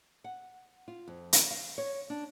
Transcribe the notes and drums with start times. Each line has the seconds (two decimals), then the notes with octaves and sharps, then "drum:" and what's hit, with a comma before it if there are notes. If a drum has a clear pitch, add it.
0.24 F#5
0.88 F4
1.08 F2
1.33 drum: hi-hat
1.51 F5
1.78 C#5
2.10 D4